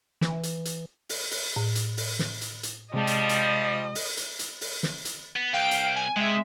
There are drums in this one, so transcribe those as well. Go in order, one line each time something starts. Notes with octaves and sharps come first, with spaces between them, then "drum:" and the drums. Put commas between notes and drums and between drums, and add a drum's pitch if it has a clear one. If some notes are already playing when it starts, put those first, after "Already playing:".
E3, drum: snare
drum: hi-hat
drum: hi-hat
drum: open hi-hat
drum: open hi-hat
A2
drum: hi-hat
drum: open hi-hat
drum: snare
drum: hi-hat
drum: hi-hat
C3 F3 G3 G#3 D#5 A5
drum: hi-hat
drum: hi-hat
drum: open hi-hat
drum: hi-hat
drum: hi-hat
drum: open hi-hat
drum: snare
drum: hi-hat
B3
C2 F5 G5 D7
drum: hi-hat
G#5
C3 G#3 E5